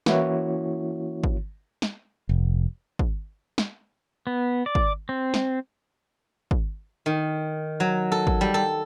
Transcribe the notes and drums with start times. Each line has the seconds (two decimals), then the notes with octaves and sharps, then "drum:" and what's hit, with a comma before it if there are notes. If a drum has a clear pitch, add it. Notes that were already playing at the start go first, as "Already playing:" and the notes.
0.06 E3 A#3 C#4 E4 F#4 C#5, drum: snare
1.24 drum: kick
1.82 drum: snare
2.29 F1
2.99 drum: kick
3.58 drum: snare
4.27 B3
4.66 D5
4.75 drum: kick
5.09 C4
5.34 drum: snare
6.51 drum: kick
7.06 D#3
7.80 F#3
8.12 A4
8.27 drum: kick
8.41 G3
8.54 A4